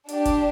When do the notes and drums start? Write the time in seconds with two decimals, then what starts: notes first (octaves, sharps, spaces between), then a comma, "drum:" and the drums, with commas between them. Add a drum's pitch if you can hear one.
0.08 D4 G4, drum: hi-hat
0.25 drum: kick F1, hi-hat